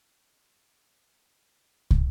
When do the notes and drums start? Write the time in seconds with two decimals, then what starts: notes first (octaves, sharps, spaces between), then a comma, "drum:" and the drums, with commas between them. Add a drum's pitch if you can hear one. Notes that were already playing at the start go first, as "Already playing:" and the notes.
1.42 D1 C#3 C#5 G#6
1.91 drum: kick